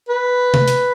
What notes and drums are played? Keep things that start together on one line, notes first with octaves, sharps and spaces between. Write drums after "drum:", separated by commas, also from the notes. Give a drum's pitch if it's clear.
B4
drum: tom C3
drum: hi-hat